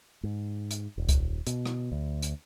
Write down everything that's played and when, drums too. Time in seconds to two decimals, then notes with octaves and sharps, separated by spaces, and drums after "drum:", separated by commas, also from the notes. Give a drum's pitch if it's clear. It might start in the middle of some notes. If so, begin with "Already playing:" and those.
0.23 G#2
0.71 drum: hi-hat
0.98 D#1
1.09 drum: kick C2, hi-hat
1.47 B2, drum: hi-hat
1.66 drum: rim click
1.92 D2
2.22 drum: hi-hat